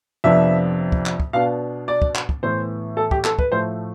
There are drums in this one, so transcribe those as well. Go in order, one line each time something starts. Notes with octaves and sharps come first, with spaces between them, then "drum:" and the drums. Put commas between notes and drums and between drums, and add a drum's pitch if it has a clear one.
F2 C3 F3 B3 D4 E5
drum: kick
drum: clap
drum: kick
B2 B3 D4 F5
D5
drum: kick
drum: clap
drum: kick
A2 E3 B3 C5
A4
G4, drum: kick
A4, drum: clap
B4, drum: kick
A2 F3 A3 C5